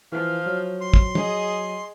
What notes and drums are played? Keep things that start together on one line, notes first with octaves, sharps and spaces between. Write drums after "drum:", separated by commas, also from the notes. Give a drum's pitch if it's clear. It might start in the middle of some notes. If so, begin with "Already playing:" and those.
E3 F3 F5
F#3
C6
drum: kick
G#4 D#5, drum: tom